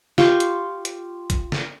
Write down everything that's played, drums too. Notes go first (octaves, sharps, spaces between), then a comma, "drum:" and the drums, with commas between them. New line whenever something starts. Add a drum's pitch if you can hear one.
F4 G4 C6 C#6, drum: snare
drum: hi-hat
drum: hi-hat
drum: kick A1, hi-hat
drum: snare